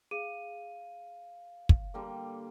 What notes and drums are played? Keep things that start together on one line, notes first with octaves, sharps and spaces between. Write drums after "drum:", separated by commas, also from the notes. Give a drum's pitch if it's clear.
G#4 F5 D#7
drum: kick
D3 G3 A#3